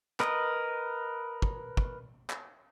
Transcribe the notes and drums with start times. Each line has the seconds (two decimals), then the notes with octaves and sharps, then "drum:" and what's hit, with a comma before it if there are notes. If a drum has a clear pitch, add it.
0.20 A#4 B4 D#5, drum: clap
1.42 drum: kick
1.77 drum: kick
2.30 drum: clap